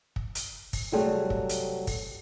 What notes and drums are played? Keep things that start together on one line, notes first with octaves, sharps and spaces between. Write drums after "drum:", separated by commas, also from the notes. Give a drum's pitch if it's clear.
drum: kick
drum: hi-hat
drum: kick, open hi-hat
C3 F#3 G3 A3 C4 G#4
drum: kick
drum: hi-hat
drum: kick, open hi-hat